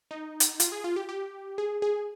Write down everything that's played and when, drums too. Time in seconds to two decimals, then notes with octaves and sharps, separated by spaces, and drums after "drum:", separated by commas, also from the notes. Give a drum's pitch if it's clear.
0.11 D#4
0.40 drum: hi-hat
0.60 F4, drum: hi-hat
0.72 G#4
0.84 F4
0.96 G4
1.09 G4
1.58 G#4
1.82 G#4